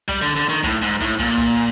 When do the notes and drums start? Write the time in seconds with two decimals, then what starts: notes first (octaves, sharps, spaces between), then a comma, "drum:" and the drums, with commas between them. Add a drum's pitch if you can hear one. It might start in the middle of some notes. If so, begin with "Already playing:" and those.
0.08 G3, drum: kick
0.22 D3
0.36 D3
0.49 D#3
0.63 A2, drum: kick
0.82 G#2
1.01 A2, drum: kick
1.19 A#2, drum: kick
1.38 drum: kick